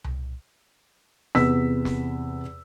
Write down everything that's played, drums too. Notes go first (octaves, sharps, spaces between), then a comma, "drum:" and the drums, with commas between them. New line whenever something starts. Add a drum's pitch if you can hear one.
drum: tom C2
E2 C3 B4 E6 B6, drum: snare
drum: snare